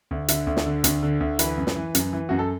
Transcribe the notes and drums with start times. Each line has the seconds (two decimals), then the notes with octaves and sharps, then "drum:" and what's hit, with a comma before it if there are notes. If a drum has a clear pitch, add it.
0.11 D2
0.28 D3 E5, drum: hi-hat
0.47 D2
0.57 drum: snare
0.66 D3
0.84 D2, drum: hi-hat
1.03 D3
1.20 D2
1.39 E3 B4, drum: hi-hat
1.58 F#2
1.67 drum: snare
1.76 E3
1.95 F#2, drum: hi-hat
2.13 E3
2.29 F#2 F#4
2.39 A4